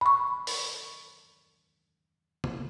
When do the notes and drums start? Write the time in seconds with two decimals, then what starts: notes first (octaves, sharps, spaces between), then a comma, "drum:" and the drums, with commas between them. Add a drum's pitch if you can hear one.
0.01 B5 C#6
0.47 drum: open hi-hat
2.44 drum: tom C3